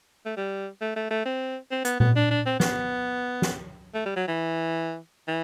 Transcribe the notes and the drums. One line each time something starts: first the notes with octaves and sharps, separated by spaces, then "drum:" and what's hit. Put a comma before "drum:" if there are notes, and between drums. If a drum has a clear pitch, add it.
A3
G3
A3
A3
A3
C4
C4
B3, drum: hi-hat
B3, drum: tom A#2
D4
D4
C4
B3, drum: snare
drum: snare
A3
G3
F#3
E3
E3